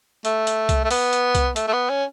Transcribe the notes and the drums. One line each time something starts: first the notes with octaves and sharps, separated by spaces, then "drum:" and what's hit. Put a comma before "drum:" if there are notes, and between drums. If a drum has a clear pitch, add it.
A3, drum: hi-hat
drum: hi-hat
drum: kick C2, hi-hat
A3
B3, drum: open hi-hat
drum: hi-hat
drum: kick C2, hi-hat
A3, drum: hi-hat
A3
B3
C#4